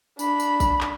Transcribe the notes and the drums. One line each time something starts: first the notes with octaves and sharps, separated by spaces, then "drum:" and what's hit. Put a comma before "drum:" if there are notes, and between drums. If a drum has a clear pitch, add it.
D4 B5, drum: tambourine
drum: tambourine
drum: kick, tambourine
drum: clap